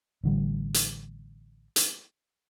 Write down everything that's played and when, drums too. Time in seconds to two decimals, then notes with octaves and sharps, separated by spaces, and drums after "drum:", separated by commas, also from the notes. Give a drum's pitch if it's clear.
0.24 A1 D3 G3
0.74 drum: hi-hat
1.76 drum: hi-hat